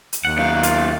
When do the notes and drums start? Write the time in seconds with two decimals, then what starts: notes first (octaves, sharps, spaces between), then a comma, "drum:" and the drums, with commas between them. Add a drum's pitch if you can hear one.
0.13 drum: hi-hat
0.25 D#2 F#5
0.38 F#2 D#3 F5
0.63 F4, drum: hi-hat